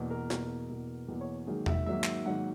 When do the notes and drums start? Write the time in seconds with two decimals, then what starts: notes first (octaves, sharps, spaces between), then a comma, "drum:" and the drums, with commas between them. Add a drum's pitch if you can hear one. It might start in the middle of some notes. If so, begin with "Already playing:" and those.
Already playing: E2 B2 A#3
0.10 A#4
0.30 E2 B2 A#3, drum: snare
0.69 E2 B2 A#3
1.08 E2 B2 A#3
1.21 C#5
1.47 G#2 D#3 F#3 A#3 G#4
1.66 E5, drum: tom E2
1.86 G#2 D#3 F#3 A#3 E5
2.04 drum: clap
2.25 G#2 D#3 F#3 A#3 F#5